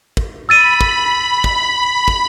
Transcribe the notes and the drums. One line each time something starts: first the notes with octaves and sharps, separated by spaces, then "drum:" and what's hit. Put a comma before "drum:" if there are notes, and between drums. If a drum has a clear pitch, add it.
drum: kick
B5 E6 A6 D#7
drum: kick
drum: kick
drum: kick